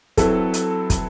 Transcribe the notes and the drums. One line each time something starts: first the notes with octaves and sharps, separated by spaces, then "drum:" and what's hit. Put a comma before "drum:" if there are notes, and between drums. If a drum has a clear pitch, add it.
F#3 C4 E4 A4 B4, drum: kick, hi-hat
drum: hi-hat
drum: kick, hi-hat